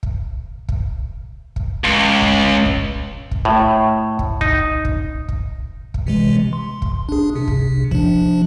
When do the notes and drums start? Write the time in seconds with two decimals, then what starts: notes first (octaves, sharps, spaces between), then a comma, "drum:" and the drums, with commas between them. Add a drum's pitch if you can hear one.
0.03 drum: kick
0.69 drum: kick
1.56 drum: kick
1.84 C#2
2.22 drum: kick
2.66 drum: kick
3.31 drum: kick
3.45 A2
4.19 drum: kick
4.41 D#4, drum: kick
4.85 drum: kick
5.28 drum: kick
5.94 drum: kick
6.07 C3 E3 G#3
6.53 C6
6.82 drum: kick
7.09 D4 G#4
7.36 C3
7.48 drum: kick
7.91 F3 D4, drum: kick